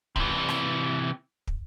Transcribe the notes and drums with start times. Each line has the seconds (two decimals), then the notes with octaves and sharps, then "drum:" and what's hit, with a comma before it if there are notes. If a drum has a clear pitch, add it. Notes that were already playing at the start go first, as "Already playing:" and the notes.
0.16 C3 E3, drum: kick
0.49 drum: rim click
1.47 drum: kick